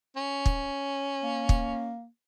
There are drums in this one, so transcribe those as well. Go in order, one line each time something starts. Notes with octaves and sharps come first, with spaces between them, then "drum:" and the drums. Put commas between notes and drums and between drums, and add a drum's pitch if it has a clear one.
C#4
drum: kick
A#3
drum: kick